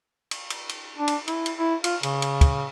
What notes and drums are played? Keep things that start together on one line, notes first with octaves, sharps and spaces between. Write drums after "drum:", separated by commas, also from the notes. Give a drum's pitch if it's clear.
drum: cymbal
drum: cymbal
drum: cymbal
D4
drum: cymbal
E4, drum: cymbal
drum: cymbal
E4
F4, drum: cymbal
C#3, drum: cymbal
drum: cymbal
drum: kick, cymbal